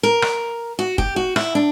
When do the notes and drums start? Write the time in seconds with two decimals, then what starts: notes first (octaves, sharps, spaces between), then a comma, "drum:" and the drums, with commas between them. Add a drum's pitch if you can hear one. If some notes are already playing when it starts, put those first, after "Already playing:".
0.03 A#4
0.22 drum: rim click
0.79 F#4
0.98 G4, drum: kick
1.16 F#4
1.36 E4, drum: rim click
1.55 D4